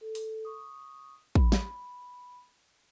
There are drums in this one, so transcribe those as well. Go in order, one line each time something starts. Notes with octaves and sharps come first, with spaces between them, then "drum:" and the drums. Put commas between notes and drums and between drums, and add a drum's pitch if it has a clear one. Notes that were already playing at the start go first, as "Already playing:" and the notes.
A4
drum: open hi-hat
C#6 D#6
B5, drum: kick
drum: snare